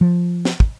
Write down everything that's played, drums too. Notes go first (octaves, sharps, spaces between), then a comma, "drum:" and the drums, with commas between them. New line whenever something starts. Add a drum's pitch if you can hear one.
F3
drum: snare
drum: kick